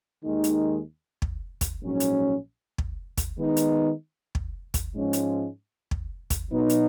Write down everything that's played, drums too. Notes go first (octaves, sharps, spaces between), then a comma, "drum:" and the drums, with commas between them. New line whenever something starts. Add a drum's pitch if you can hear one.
D#2 D#3 G#3 D#4
drum: hi-hat
drum: kick
drum: kick, hi-hat
A#1 G#2 F#3 C#4
drum: hi-hat
drum: kick
drum: kick, hi-hat
D#3 G#3 B3 D#4
drum: hi-hat
drum: kick
drum: kick, hi-hat
G#2 F3 G#3 C#4
drum: hi-hat
drum: kick
drum: kick, hi-hat
B2 F#3 B3 D#4
drum: hi-hat